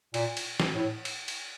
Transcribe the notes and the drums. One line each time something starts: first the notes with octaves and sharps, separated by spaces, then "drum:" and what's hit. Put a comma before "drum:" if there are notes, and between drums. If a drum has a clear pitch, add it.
A#2, drum: cymbal
drum: cymbal
drum: snare
A2
drum: cymbal
drum: cymbal